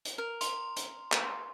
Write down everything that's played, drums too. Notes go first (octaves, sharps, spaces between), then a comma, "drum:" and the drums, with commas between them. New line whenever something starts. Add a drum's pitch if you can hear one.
drum: hi-hat
A#4
C6, drum: hi-hat
drum: hi-hat
drum: clap